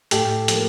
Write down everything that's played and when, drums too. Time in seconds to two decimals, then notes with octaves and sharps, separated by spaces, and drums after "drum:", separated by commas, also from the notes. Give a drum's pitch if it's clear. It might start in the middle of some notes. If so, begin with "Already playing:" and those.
0.11 A2 G4 A4, drum: hi-hat
0.48 F3 A#3, drum: hi-hat